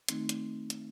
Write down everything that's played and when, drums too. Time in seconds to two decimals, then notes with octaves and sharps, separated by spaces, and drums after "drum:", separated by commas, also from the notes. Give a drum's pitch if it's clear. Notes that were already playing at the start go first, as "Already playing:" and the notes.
0.08 D#3 A3 C4 D#4, drum: hi-hat
0.29 drum: hi-hat
0.70 drum: hi-hat